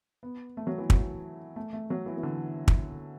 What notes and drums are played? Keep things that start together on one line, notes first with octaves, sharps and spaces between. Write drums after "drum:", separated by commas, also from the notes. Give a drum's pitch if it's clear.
B3
A3
F#3
E3
F#3, drum: kick
A3
A3
F#3
E3
E3
D3
drum: kick